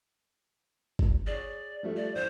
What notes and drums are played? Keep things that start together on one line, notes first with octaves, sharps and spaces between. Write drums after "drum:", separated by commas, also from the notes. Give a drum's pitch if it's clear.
drum: kick
G#4 C#5 D5
F3 G3 A3
D5
A1 C5